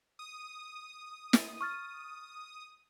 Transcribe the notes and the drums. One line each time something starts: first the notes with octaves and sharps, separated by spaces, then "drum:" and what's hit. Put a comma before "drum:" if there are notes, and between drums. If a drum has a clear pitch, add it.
D#6
drum: snare
C#6 F6 A6